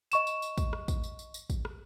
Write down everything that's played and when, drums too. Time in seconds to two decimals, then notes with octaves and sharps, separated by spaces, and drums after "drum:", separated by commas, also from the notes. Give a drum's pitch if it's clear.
0.12 D#5 C#6 E7, drum: tambourine
0.27 drum: tambourine
0.42 drum: tambourine
0.58 drum: kick, tambourine
0.73 drum: rim click
0.88 drum: kick, tambourine
1.04 drum: tambourine
1.19 drum: tambourine
1.34 drum: tambourine
1.50 drum: kick, tambourine
1.65 drum: rim click